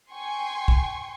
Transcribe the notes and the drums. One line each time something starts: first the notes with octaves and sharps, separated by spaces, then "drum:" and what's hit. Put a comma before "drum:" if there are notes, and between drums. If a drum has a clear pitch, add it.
G5 G#5 C6 C#6
drum: kick